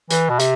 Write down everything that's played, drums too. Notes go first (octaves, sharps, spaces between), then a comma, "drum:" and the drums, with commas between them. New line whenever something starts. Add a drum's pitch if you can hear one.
E3, drum: hi-hat
B2
C3, drum: hi-hat